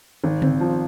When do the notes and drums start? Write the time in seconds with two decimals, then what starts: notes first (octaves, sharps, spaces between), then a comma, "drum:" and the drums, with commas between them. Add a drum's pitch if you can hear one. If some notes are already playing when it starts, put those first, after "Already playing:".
0.24 G#1
0.42 C4, drum: tom C#3
0.61 F3